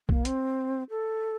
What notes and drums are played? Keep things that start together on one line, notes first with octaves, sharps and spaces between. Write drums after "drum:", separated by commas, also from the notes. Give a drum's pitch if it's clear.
A#3, drum: kick B1
C4, drum: hi-hat
A4